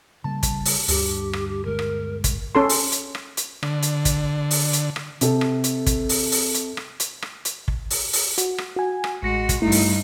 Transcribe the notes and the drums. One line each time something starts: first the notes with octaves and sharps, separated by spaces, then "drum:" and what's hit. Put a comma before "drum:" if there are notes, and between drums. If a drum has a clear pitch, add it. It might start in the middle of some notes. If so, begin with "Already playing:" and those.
C#3 G3 A#3 A5
drum: kick, hi-hat
drum: open hi-hat
D2 G2 G4, drum: open hi-hat
drum: rim click
G4
G1 G#3 A#4
drum: rim click
drum: kick, hi-hat
C#4 A4 C6
drum: open hi-hat
drum: hi-hat
drum: rim click
drum: hi-hat
D3, drum: rim click
drum: hi-hat
drum: kick, hi-hat
drum: open hi-hat
drum: hi-hat
drum: rim click
C3 A4, drum: hi-hat
drum: rim click
drum: hi-hat
drum: kick, hi-hat
drum: open hi-hat
drum: open hi-hat
drum: hi-hat
drum: rim click
drum: hi-hat
drum: rim click
drum: hi-hat
drum: kick
drum: open hi-hat
drum: open hi-hat
F#4, drum: hi-hat
drum: rim click
F#4 G#5
drum: rim click
A1 G#3 F#4 A#6 C#7
drum: kick, hi-hat
G2 A3 D#4 E4
drum: open hi-hat